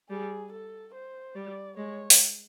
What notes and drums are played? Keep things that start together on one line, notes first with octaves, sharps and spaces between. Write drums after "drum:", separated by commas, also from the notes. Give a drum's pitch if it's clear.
G3 G#4
A4
C5
G3 D5
G#3 C#5
drum: open hi-hat